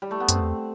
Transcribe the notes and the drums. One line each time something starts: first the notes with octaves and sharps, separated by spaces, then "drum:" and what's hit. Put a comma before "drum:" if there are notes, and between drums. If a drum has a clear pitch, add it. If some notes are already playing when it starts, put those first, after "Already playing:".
G3
A3
B3
F#2 C4, drum: hi-hat
E2